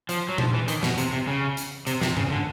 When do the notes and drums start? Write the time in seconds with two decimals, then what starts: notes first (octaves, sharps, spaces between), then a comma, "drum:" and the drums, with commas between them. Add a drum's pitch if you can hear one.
0.09 F3, drum: hi-hat
0.29 F#3
0.38 F3, drum: tom A#2
0.54 E3
0.68 D#3, drum: hi-hat
0.83 B2, drum: snare
0.98 C3, drum: hi-hat
1.13 C3
1.28 C#3
1.57 drum: hi-hat
1.87 C3, drum: hi-hat
2.01 C3, drum: snare
2.17 C#3, drum: tom G#2
2.31 D3